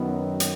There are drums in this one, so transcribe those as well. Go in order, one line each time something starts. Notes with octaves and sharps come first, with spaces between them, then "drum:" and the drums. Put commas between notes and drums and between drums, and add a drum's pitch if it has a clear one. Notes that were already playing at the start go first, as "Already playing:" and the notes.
Already playing: F#2 D#3 F#3 B3
drum: hi-hat